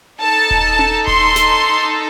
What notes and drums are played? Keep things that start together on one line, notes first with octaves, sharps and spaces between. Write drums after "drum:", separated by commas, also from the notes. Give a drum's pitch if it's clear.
D#4 A4 A5
drum: kick D#1
drum: tom C#4
C6, drum: kick D#1
drum: snare